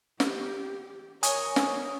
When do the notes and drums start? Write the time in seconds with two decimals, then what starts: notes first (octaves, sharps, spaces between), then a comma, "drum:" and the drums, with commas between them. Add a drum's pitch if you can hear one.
0.20 G4, drum: snare
1.23 A#4 C#5 G#5 C#6 D#6, drum: hi-hat
1.56 drum: snare